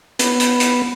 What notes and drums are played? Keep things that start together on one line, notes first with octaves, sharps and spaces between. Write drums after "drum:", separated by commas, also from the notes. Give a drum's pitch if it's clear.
B3, drum: hi-hat
drum: hi-hat
drum: hi-hat